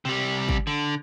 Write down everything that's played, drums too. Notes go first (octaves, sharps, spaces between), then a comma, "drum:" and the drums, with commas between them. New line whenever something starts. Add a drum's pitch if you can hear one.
C3 G3
drum: kick
D3